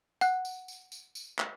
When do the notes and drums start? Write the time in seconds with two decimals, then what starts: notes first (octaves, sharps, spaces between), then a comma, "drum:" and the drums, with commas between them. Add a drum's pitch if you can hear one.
0.21 F#5 F#6, drum: tambourine
0.45 drum: tambourine
0.68 drum: tambourine
0.92 drum: tambourine
1.15 drum: tambourine
1.39 drum: clap